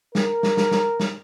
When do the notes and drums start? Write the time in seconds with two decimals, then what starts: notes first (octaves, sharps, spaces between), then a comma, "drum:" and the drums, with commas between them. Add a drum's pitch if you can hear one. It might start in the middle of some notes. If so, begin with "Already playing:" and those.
0.15 A#4, drum: snare
0.43 drum: snare
0.57 drum: snare
0.71 drum: snare
1.00 drum: snare